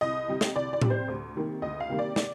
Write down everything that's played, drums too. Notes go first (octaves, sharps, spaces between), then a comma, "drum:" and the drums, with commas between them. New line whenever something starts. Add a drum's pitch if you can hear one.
C2 D#5
C3 G3
drum: snare
C2 D5
D5
C3 G3, drum: tom A2
C5
D2
C3 D#3 G3 A#3
D2 D#5
F5
C3 D#3 G3 A#3
D5
D5, drum: snare